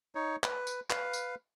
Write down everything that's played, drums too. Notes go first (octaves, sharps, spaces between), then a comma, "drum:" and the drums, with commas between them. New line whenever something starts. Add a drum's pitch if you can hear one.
D#4 C#5
B4, drum: clap
drum: tambourine
B4 F5, drum: clap
drum: tambourine